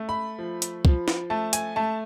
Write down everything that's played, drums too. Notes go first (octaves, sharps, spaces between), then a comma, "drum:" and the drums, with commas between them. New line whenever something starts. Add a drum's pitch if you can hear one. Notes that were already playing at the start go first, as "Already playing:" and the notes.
Already playing: A3
B5
F3
drum: hi-hat
F3, drum: kick
drum: snare
A3 A5
G#5, drum: hi-hat
A3 A5